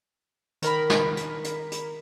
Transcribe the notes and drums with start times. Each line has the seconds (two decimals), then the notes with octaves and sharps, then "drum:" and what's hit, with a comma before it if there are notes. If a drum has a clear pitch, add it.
0.62 D#3 A#4 B5, drum: hi-hat
0.90 drum: snare
1.17 drum: hi-hat
1.44 drum: hi-hat
1.72 drum: hi-hat